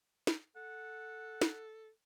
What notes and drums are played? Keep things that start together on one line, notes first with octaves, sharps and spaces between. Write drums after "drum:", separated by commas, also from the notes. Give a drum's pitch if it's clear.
drum: snare
A4 F#5
drum: snare